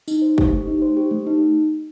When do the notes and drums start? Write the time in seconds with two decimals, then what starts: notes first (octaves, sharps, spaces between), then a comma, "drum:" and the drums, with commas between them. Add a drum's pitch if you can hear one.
0.08 D#4, drum: tambourine
0.22 C5
0.38 G4, drum: kick
0.52 A3
0.67 D#4
0.82 C5
0.97 G4
1.11 A3
1.27 D#4